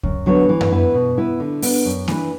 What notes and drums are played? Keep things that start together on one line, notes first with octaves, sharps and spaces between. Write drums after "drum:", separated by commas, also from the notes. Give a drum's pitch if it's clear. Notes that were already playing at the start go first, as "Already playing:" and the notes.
F#2, drum: kick C#2
D3 F#3 B3
E3
drum: tom F#2
B3 E4 B4
B2
B3 E4 B4
D3
B3 D4, drum: open hi-hat
F#2
E3 D4 B4, drum: snare A#3